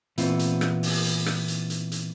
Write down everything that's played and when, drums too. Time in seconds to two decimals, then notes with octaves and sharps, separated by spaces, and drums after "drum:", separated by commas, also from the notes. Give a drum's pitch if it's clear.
0.18 A#2 E3 B3 C4 E4 F4, drum: hi-hat
0.39 drum: hi-hat
0.61 drum: rim click
0.83 drum: open hi-hat
1.05 drum: hi-hat
1.26 drum: rim click
1.48 drum: hi-hat
1.70 drum: hi-hat
1.92 drum: hi-hat